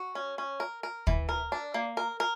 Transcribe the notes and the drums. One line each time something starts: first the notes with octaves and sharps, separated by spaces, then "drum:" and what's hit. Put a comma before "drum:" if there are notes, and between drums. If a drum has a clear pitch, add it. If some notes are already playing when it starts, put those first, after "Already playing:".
Already playing: F#4
C#4
C#4
A#4
A#4
E3, drum: kick
A#4
D4
A#3
A#4
A#4